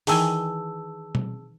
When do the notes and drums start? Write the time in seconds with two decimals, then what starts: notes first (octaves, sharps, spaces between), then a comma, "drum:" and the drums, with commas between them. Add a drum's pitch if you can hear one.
0.07 D#3 E3 G#4 G#5 A5 E6, drum: open hi-hat
1.15 drum: tom B2